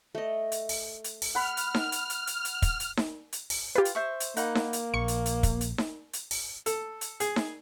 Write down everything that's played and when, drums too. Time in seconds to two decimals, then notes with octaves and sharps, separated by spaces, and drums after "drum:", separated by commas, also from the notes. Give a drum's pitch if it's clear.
0.15 A3 D#5
0.52 drum: hi-hat
0.69 drum: open hi-hat
1.04 drum: hi-hat
1.22 drum: open hi-hat
1.35 F#5 B5 F6
1.57 drum: hi-hat
1.75 drum: snare D#4
1.92 drum: hi-hat
2.10 drum: hi-hat
2.27 drum: hi-hat
2.45 drum: hi-hat
2.62 drum: kick, hi-hat
2.80 drum: hi-hat
2.97 drum: snare D#4
3.32 drum: hi-hat
3.50 drum: open hi-hat
3.75 F4 G4 B4
3.85 drum: hi-hat
3.95 C5 E5 C#6
4.20 drum: hi-hat
4.37 A#3 D#4 F#5 B5, drum: hi-hat
4.55 drum: snare D#4
4.73 drum: hi-hat
4.94 A#1 C#6 C#7
5.08 drum: hi-hat
5.26 drum: hi-hat
5.43 drum: kick, hi-hat
5.61 drum: hi-hat
5.78 drum: snare D#4
6.13 drum: hi-hat
6.31 drum: open hi-hat
6.66 A4, drum: hi-hat
7.01 drum: hi-hat
7.20 G#4, drum: hi-hat
7.36 drum: snare D#4